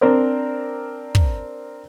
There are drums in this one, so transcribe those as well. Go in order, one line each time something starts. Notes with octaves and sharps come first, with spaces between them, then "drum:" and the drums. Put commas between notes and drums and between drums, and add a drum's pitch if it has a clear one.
C4 D4 A#4 C5 D5
drum: kick